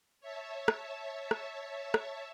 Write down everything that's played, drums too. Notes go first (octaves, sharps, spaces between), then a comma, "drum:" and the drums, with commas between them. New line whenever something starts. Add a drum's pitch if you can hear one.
C#5 E5 A5
drum: rim click
drum: rim click
drum: rim click